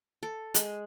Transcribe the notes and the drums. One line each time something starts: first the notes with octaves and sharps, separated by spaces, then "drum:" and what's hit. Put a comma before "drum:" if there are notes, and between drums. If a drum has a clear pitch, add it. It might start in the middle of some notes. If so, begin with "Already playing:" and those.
A4
G#3, drum: hi-hat